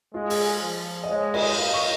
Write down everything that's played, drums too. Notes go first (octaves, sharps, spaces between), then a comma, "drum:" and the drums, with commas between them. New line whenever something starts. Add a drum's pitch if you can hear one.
G#3 F4
G#4, drum: open hi-hat
F3
D#5
G#3 C#5
D#5, drum: cymbal
A#3 F5
C#6